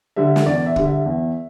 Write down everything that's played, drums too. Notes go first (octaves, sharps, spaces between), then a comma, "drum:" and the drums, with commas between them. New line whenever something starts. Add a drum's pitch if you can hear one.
D3 G3 E5
drum: snare
E2 D5
E5
D3 G3, drum: kick
E5
E2